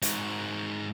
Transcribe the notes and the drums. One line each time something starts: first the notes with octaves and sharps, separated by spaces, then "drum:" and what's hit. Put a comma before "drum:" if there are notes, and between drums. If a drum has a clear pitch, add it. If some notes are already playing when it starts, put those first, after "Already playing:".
G#2 F#4, drum: hi-hat